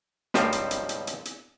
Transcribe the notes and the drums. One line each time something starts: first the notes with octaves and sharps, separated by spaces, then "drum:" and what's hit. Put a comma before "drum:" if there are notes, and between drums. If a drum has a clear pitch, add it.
C#2 G2 D#3 F3 G3 C4, drum: snare
drum: hi-hat
drum: hi-hat
drum: hi-hat
drum: hi-hat
drum: hi-hat